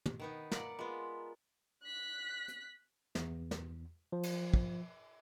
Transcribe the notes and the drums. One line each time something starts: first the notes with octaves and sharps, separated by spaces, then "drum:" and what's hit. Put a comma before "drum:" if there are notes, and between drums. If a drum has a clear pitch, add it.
drum: tom
D#3 B3 D#4
A#3 D5 F#5, drum: snare
G#3 B3 F4 A#4 B5
F#6 B6
drum: hi-hat
E2, drum: snare
drum: snare
F3
drum: cymbal
drum: kick